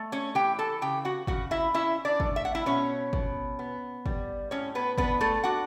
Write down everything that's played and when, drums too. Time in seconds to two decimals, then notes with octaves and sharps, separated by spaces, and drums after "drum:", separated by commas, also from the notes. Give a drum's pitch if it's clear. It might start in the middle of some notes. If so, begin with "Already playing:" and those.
Already playing: A3
0.12 C#4 C#5
0.35 E3 G4 G5
0.59 A4 A5
0.81 C#3 G4 G5
1.05 F#4 F#5
1.27 C#3 F#4 F#5, drum: kick
1.51 E4 E5
1.74 C#4 E4 E5
2.05 D4 D5
2.20 A3, drum: kick
2.36 E5
2.45 F#5
2.55 E4 E5
2.66 B2 C#4 C#5
3.13 B2, drum: kick
3.59 B3
4.06 G3, drum: kick
4.51 A2 C#4 C#5
4.75 B3 B4
4.98 B3 D4 B4, drum: kick
5.21 A3 A4
5.44 D4 F#4 F#5